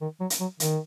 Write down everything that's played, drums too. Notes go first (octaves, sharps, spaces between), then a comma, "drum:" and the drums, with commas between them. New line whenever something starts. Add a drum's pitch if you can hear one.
D#3
F#3
drum: hi-hat
F#3
D#3, drum: hi-hat